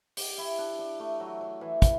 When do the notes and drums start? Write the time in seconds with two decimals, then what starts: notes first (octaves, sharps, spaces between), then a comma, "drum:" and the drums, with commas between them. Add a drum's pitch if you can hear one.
0.17 G4, drum: open hi-hat
0.38 E4
0.58 D4
0.79 D4
1.00 A3
1.20 F#3
1.41 F#3
1.61 E3
1.82 drum: kick, hi-hat